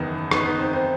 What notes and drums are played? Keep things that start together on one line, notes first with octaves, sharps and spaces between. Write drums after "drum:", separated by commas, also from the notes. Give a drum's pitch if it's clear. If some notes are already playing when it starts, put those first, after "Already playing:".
Already playing: F#1 E2 D#3 B3 D#4
B3 D#4, drum: rim click
B3 D#4
C4
C4